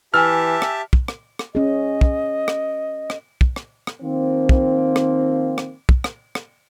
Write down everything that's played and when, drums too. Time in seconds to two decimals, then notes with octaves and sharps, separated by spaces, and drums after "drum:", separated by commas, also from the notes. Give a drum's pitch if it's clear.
0.14 E3 G4 E5 G#5 A5 E6 F6
0.62 drum: rim click
0.93 drum: kick
1.08 drum: rim click
1.39 drum: rim click
1.55 C#4 G#4 D#5
2.01 drum: kick
2.48 drum: rim click
3.10 drum: rim click
3.41 drum: kick
3.56 drum: rim click
3.87 drum: rim click
4.01 D#3 F3 A#3 C4
4.49 drum: kick
4.96 drum: rim click
5.58 drum: rim click
5.89 drum: kick
6.04 drum: rim click
6.35 drum: rim click